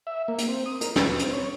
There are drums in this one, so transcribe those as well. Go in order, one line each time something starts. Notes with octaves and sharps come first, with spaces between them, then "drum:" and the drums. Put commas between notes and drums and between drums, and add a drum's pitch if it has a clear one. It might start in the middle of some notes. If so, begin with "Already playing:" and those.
E5
A#3
drum: hi-hat
C4
D#6
A#4, drum: hi-hat
B4, drum: snare
C4, drum: hi-hat
C#5